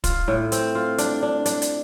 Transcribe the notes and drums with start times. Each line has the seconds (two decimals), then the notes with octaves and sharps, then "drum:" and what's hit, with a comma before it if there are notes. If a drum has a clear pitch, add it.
0.04 F4, drum: kick, hi-hat
0.28 A2
0.52 C4, drum: hi-hat
0.75 F4
0.98 D4, drum: hi-hat
1.22 D4
1.46 D4, drum: hi-hat
1.62 drum: hi-hat